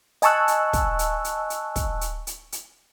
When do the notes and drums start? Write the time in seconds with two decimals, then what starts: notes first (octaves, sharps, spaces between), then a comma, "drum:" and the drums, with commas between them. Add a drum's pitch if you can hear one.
0.22 D#5 G#5 A5 C#6 E6 F#6, drum: hi-hat
0.48 drum: hi-hat
0.73 drum: kick, hi-hat
0.99 drum: hi-hat
1.24 drum: hi-hat
1.50 drum: hi-hat
1.76 drum: kick, hi-hat
2.01 drum: hi-hat
2.27 drum: hi-hat
2.52 drum: hi-hat